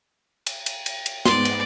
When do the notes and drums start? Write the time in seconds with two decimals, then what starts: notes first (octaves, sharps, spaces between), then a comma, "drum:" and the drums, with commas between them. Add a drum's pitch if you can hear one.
0.46 drum: cymbal
0.66 drum: cymbal
0.86 drum: cymbal
1.06 drum: cymbal
1.25 G#2 B3 D5 C6, drum: snare
1.45 drum: cymbal